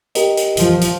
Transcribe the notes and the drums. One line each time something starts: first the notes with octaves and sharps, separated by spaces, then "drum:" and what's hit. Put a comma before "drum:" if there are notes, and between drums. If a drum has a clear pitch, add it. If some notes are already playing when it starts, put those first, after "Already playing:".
G4 A#4 D#5, drum: hi-hat
drum: hi-hat
F3, drum: hi-hat
drum: hi-hat